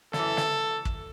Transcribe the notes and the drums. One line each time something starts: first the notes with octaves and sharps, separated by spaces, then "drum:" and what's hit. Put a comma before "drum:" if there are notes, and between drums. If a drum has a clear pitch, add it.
F#2 E3 A4, drum: snare
drum: snare
drum: kick